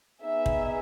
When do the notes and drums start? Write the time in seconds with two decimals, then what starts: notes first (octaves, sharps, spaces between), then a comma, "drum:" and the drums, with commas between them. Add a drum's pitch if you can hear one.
0.23 B3 D#4 G#4 E5
0.46 drum: kick